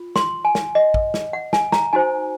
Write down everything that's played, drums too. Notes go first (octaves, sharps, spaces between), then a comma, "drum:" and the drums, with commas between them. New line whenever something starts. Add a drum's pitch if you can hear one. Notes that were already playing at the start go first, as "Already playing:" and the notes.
Already playing: F4
C6, drum: snare
G#5
drum: snare
D#5
drum: kick
drum: snare
F#5
G#5, drum: snare
A#5, drum: snare
D#4 F#4 C5 G#5